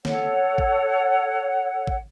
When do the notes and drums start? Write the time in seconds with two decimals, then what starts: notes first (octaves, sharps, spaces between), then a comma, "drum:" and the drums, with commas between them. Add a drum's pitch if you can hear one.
0.05 A4 C#5 F#5, drum: snare
0.58 drum: kick
1.87 drum: kick